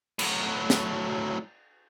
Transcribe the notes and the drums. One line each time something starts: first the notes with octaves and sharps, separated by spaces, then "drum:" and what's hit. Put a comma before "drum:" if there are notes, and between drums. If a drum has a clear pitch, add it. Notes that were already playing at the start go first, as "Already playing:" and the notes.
A2 F#3, drum: cymbal
drum: snare